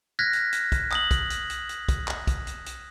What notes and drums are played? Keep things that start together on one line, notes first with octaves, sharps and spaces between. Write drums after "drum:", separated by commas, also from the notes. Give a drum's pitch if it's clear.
F6 F#6 G#6 A#6 B6
drum: hi-hat
drum: hi-hat
drum: kick, hi-hat
D#6 F#7, drum: clap
drum: kick, hi-hat
drum: hi-hat
drum: hi-hat
drum: hi-hat
drum: kick, hi-hat
drum: clap
drum: kick, hi-hat
drum: hi-hat
drum: hi-hat